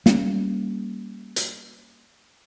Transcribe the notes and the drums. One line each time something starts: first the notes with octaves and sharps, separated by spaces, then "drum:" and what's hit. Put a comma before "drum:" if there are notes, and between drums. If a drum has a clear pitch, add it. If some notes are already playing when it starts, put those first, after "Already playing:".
G3 A#3 C#4, drum: snare
drum: hi-hat